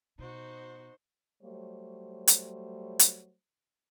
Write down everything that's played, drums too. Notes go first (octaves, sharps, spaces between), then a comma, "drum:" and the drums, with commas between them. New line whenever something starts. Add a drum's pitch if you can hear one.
B2 D#4 F#4 C5
F#3 G3 A3 C5 C#5
drum: hi-hat
drum: hi-hat